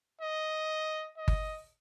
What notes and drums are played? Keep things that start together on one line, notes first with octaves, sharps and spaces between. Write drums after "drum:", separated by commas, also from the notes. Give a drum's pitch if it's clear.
D#5
D#5
drum: kick G1